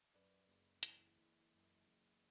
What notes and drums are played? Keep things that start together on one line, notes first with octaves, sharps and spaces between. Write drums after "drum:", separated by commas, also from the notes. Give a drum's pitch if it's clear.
F#2 B4 D5
F#1
E3, drum: hi-hat
F#1
F#2
F#1